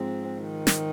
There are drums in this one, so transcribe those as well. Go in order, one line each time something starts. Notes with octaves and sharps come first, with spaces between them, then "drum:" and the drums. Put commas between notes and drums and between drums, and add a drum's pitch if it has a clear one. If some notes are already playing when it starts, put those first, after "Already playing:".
Already playing: G#2 F3 G#3 C4
D#3
drum: snare